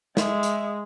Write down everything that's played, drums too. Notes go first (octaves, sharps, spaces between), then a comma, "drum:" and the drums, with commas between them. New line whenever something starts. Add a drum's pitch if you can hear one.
G#3 E5, drum: snare
drum: hi-hat